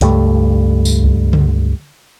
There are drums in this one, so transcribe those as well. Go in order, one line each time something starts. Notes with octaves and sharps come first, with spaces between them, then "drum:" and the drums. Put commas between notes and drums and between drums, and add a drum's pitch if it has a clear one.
C#2 G2 G3 A3, drum: hi-hat
drum: tambourine
drum: kick C2
drum: tom C#3